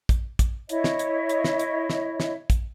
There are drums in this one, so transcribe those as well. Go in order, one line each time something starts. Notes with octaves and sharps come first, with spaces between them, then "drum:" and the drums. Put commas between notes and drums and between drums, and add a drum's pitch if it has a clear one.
drum: kick, hi-hat
drum: kick, hi-hat
E4 C#5 D#5 E5, drum: hi-hat
drum: snare
drum: hi-hat
drum: hi-hat
drum: snare
drum: hi-hat
drum: snare
drum: snare
drum: kick, hi-hat